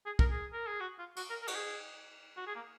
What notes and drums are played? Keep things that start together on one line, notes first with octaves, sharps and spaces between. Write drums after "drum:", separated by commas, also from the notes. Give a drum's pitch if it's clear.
G#4
A#4, drum: kick
G#4
A#4
G#4
F#4
F4
F#4, drum: cymbal
A#4
A#4
F#4, drum: cymbal
G#4
F#4
G#4
A#3